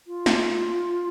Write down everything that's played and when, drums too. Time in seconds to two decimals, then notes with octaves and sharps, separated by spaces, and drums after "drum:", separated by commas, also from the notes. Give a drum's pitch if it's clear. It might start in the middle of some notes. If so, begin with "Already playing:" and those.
0.06 F4
0.26 drum: snare